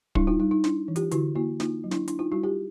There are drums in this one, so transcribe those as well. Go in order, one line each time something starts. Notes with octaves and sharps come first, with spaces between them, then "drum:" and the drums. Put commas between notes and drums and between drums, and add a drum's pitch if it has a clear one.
G3 D4 E4, drum: kick
D#4 F4
G3 D#4
D#4
D4 E4, drum: snare
E3
F4 G4, drum: hi-hat
D3 E4 F#4, drum: hi-hat
A#3 E4 F#4
A#3 D#4 F4, drum: snare
F#3
D4 E4, drum: snare
D4 E4, drum: hi-hat
D#4 F4
G3 E4 F#4
F4 G4